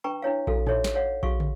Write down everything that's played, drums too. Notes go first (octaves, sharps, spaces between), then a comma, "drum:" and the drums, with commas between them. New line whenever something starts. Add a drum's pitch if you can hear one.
D4 B4 G5 A#5 C#6
D4 E4 C#5 F5
F#4 A4 F5, drum: kick A#1
D#4 A4 C#5 E5, drum: tom A2
drum: snare
C#5 F5 F#5
F#4 G#4 F5 C#6, drum: kick A#1
drum: tom